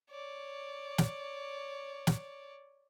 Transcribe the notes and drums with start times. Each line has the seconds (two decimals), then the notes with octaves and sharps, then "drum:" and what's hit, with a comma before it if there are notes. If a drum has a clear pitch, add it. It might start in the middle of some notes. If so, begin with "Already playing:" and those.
0.11 C#5 D5
0.98 drum: snare
2.07 drum: snare